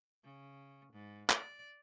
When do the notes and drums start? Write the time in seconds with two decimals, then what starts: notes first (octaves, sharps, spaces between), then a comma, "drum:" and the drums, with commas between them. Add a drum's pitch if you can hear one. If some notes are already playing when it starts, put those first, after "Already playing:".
0.24 C#3
0.93 G#2
1.30 D5, drum: clap